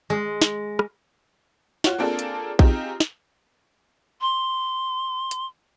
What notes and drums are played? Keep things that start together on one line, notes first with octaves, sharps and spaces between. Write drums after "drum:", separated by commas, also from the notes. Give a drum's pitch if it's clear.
G#3
drum: snare
drum: rim click
F4 F#4 C#5, drum: snare
A#3 C4 D4 F4 G#4 A4
drum: hi-hat
C4 D#4 F4 G4 G#4, drum: kick A#1
drum: snare
C6
drum: hi-hat